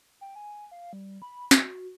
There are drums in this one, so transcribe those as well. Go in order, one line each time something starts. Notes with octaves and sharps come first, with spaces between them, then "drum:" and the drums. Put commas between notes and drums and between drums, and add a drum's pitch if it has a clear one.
G5
G#5
F5
G3
B5
F#4, drum: snare